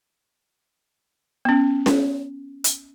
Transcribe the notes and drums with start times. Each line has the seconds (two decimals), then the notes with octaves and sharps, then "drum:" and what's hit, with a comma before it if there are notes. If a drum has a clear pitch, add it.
1.45 B3 C#4
1.86 drum: snare C#4
2.64 drum: hi-hat